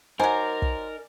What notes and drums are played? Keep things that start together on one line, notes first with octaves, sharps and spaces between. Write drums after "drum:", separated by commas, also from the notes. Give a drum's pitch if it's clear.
F#3 D#4 A#4 C5 D5 G#5
drum: kick